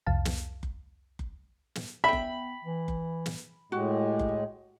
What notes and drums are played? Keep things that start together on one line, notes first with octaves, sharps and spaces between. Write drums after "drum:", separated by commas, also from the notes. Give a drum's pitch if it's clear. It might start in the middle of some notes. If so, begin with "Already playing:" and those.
C2 F2 F5 A5
drum: snare
drum: kick F#1
drum: kick F#1
drum: snare
B3 E5 G5 B5
drum: kick F#1
E3
drum: kick F#1
drum: snare
A2 G#3 F#4 G4
drum: kick F#1